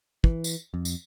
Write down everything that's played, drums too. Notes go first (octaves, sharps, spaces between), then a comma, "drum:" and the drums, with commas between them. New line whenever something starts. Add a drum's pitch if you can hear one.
E3, drum: kick
drum: tambourine
F2
drum: tambourine